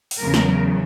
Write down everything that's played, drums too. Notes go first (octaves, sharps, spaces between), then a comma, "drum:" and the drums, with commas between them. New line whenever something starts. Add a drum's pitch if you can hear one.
drum: open hi-hat
E2 C#3 F#3 A#4
drum: snare